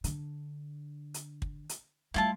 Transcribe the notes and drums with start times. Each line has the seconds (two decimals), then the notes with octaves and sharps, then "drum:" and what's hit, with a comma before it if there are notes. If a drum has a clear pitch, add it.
0.04 D3, drum: hi-hat
1.14 drum: hi-hat
1.42 drum: kick
1.69 drum: hi-hat
2.14 G3 A3 E4 F4 A5